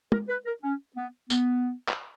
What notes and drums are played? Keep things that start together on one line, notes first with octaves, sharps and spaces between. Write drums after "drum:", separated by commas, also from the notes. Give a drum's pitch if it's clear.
A#4, drum: tom
B4
A#4
C#4
B3
B3, drum: tambourine
drum: clap